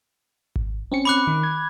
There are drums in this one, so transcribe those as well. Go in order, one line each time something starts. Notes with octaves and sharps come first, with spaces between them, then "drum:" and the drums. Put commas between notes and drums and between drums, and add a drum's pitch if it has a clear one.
drum: kick G#1
C4 C#4 C#7
B5 D6 F#6
D#3
G#6